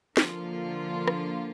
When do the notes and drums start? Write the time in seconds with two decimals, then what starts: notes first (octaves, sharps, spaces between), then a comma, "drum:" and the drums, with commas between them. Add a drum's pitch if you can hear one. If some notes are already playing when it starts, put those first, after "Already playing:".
0.17 D3 F3 A#3 F4, drum: snare
1.08 drum: rim click